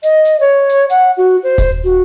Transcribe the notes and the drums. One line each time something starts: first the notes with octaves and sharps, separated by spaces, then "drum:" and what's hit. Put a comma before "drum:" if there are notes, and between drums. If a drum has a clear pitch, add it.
D#5, drum: hi-hat
drum: hi-hat
C#5
drum: hi-hat
F#5, drum: hi-hat
F#4
C5
drum: kick D#1, hi-hat
F#4